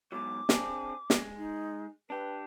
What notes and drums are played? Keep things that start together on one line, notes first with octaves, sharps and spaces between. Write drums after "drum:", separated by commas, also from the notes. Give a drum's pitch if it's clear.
G#2 B2 F#3 D6
C4 D4 G#4, drum: snare
G#3, drum: snare
D#4
D4 G4 B4